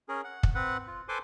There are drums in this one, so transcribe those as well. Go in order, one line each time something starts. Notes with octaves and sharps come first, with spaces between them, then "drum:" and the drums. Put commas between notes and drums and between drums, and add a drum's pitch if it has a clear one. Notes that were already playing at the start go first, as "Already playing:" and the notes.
C#4 G#4 A#4
F#5
drum: kick
C4 B4 F#5
F4
A4 B4 C5 G#5 C6 D6